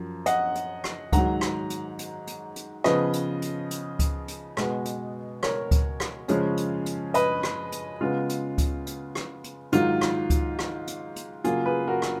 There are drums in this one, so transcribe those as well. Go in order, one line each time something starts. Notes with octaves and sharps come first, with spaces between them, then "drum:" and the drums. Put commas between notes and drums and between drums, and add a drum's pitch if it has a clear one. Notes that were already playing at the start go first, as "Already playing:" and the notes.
Already playing: F#2 F3
D#5 F#5, drum: hi-hat
drum: hi-hat
drum: rim click
G#2 D#3 F#3 F#5 A#5, drum: kick C#2, hi-hat
drum: rim click
drum: hi-hat
drum: hi-hat
drum: hi-hat
drum: hi-hat
C#3 F3 B3 B4 D#5, drum: rim click
drum: hi-hat
drum: hi-hat
drum: hi-hat
drum: kick C#2, hi-hat
drum: hi-hat
B2 G#3 B3, drum: rim click
drum: hi-hat
A#4 C#5, drum: rim click
drum: kick C#2, hi-hat
drum: rim click
C#3 F3 G#3 C#4, drum: hi-hat
drum: hi-hat
drum: hi-hat
B4 D#5, drum: hi-hat
drum: rim click
drum: hi-hat
C#3 G#3 B3 F4
drum: hi-hat
drum: kick C#2, hi-hat
drum: hi-hat
drum: rim click
drum: hi-hat
G#2 D#3 F#3 F4, drum: hi-hat
drum: rim click
drum: kick C#2, hi-hat
drum: rim click
drum: hi-hat
drum: hi-hat
C#3 F#3 A#3 F4 G#4, drum: hi-hat
G#4 B4
F#4 A#4
drum: rim click